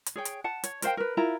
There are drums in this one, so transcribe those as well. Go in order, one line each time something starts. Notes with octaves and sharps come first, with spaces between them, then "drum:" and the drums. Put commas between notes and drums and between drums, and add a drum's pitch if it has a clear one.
drum: hi-hat
G#4 C#5 G5
drum: hi-hat
F#5 A5
C#5, drum: hi-hat
A#4 C5 F5 G5, drum: hi-hat
A#4 B4
E4 F4 A#4 A#5